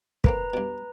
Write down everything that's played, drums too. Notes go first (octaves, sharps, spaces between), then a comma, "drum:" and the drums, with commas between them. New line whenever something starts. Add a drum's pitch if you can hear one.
A3 A#3 C4 B4 A#5, drum: kick
G2 B2